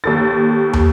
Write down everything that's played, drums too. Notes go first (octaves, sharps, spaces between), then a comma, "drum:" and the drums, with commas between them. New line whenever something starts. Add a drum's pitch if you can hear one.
D#2 A4 A6
drum: tom